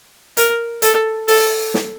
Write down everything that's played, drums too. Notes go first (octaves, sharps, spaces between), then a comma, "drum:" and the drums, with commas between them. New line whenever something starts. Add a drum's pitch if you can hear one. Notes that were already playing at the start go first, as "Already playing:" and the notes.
A#4, drum: hi-hat
A4, drum: hi-hat
A4, drum: open hi-hat
drum: snare